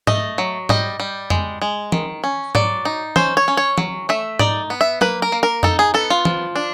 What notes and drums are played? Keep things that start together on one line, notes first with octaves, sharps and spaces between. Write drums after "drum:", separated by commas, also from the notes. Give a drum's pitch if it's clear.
A3 D#5, drum: tom G#2
F#3
G3 D#5, drum: tom G#2
G3
G#3, drum: tom F2
G#3
D#3, drum: tom E3
C#4
F#3 D5, drum: tom G#2
D#4
C#4 C5, drum: tom E3
C#5
C#4
C#5
F#3, drum: tom E3
A3 E5
D#4 D5, drum: tom G#2
B3
E5
A#3 B4, drum: tom F#3
A#4
A#3
A#4
D#4 A4, drum: tom F2
G#4
B3 A4
F4
F3, drum: tom E3
D4